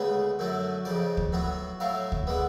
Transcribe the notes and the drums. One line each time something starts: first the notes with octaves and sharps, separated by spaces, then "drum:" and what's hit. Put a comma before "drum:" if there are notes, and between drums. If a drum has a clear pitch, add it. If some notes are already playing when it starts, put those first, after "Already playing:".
Already playing: D2 C#3 G#3 B3
F#2 D3 F#3 A3
F2 C#3 F3 D5
drum: kick D2
A2 F#3 B3
A2 F#3 A3 F5
drum: kick D2
D3 G#3 B3